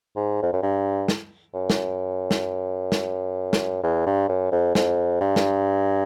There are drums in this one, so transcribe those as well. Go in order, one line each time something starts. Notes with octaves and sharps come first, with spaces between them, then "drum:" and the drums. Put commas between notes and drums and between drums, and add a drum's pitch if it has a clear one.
G#2
F2
F#2
G2
drum: snare
F#2
drum: snare
drum: snare
drum: snare
drum: snare
E2
G2
F#2
F2
F2, drum: snare
G2
drum: snare